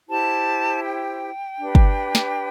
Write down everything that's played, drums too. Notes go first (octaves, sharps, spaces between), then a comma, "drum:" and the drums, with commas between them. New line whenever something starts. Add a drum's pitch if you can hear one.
E4 G4 C5 A5
G5
D4 G4 B4
drum: kick
drum: snare